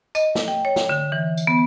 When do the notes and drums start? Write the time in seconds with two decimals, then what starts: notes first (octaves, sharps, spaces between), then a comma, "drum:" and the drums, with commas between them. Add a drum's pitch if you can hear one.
0.15 D#5, drum: tambourine
0.35 drum: snare
0.48 G5
0.65 C#5
0.76 drum: snare
0.89 D3
1.12 E3
1.37 drum: tambourine
1.47 B3